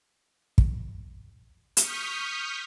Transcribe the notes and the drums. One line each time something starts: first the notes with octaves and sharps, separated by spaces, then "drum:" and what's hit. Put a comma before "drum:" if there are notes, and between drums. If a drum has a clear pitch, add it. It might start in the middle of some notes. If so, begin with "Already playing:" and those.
drum: kick
C#6 D#6 F6 G6 B6, drum: hi-hat